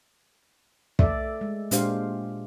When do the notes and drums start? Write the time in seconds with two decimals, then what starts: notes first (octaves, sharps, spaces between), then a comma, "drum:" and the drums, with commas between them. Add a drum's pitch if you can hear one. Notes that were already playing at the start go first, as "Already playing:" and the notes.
0.99 A3 A4 D5 E5, drum: kick
1.41 G#3
1.71 A#2 G#3 D4 G4 C5 F5, drum: hi-hat